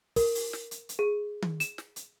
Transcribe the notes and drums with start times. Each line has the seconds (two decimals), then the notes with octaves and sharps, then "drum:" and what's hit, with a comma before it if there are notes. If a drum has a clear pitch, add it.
0.16 A#4, drum: kick, open hi-hat
0.35 drum: open hi-hat
0.53 drum: snare
0.71 drum: hi-hat
0.89 drum: hi-hat
0.99 G#4
1.42 drum: tom D#3
1.60 E7, drum: hi-hat
1.78 drum: snare
1.96 drum: hi-hat